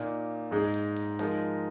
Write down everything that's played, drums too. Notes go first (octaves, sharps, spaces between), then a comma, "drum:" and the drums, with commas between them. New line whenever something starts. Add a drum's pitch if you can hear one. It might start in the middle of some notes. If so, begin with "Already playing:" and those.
Already playing: A#2 A#3 D#4
G#2 G#3 D#4 G#4
drum: hi-hat
drum: hi-hat
F3 G#3 D#4 A#4, drum: hi-hat